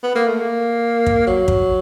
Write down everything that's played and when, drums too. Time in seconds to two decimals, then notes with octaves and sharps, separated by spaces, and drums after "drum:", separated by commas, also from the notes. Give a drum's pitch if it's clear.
0.03 B3
0.15 A#3
0.27 A3
0.40 A#3
1.06 drum: kick
1.27 F#3
1.48 drum: kick